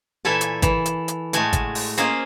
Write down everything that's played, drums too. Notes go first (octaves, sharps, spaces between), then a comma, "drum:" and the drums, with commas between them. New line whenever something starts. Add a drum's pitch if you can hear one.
A#2 E3 A4 E5 G#5 A5
drum: hi-hat
E3, drum: kick, hi-hat
drum: hi-hat
drum: hi-hat
A2 G#3 A3 F#4 G#5 A5, drum: hi-hat
drum: kick, hi-hat
drum: open hi-hat
A#3 C#4 F4 G#4 C5 D#5, drum: hi-hat